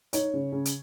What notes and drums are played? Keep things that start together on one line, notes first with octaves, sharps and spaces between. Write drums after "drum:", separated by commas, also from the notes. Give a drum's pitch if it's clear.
D#4 C#5, drum: hi-hat
C#3
C#3
drum: hi-hat